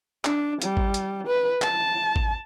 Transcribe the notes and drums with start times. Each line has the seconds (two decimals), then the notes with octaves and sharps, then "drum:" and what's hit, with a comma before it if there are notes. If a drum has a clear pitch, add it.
0.25 D4, drum: clap
0.62 G3, drum: hi-hat
0.77 drum: kick G#1
0.94 drum: hi-hat
1.27 B4
1.62 A5, drum: clap
2.16 drum: kick G#1